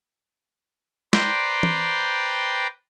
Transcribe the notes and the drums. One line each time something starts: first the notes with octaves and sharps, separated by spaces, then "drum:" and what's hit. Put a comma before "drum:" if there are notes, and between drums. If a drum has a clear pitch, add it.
B4 C5 D5 G5 A#5 C6, drum: snare
drum: tom